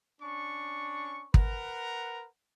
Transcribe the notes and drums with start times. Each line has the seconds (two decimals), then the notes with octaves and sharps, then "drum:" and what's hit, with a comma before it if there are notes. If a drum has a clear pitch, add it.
0.21 C#4 D4 C#6
1.34 A#4 B4 F#5 A#5, drum: kick